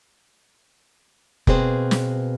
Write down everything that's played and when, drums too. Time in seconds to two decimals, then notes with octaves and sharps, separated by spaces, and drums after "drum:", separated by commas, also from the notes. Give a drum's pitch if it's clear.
1.47 B2 A#3 C4 G#4 B4 C5, drum: kick F1
1.91 drum: snare